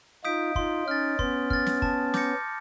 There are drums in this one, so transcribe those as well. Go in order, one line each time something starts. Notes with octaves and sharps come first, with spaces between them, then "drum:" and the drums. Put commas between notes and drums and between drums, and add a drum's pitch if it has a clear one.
D#4 F4 D#6 G6 B6 D7
D#4 F4 C6, drum: kick
C#4 D#4 F6 A6
B3 C#4 C6, drum: kick
F6 A6, drum: kick
drum: snare
A5, drum: kick
D6 G6 A#6 C#7, drum: snare